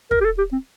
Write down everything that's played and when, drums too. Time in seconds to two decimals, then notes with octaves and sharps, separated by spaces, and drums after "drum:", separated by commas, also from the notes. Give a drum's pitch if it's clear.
0.11 A#4, drum: kick
0.21 G4
0.25 A4
0.38 G4
0.52 C4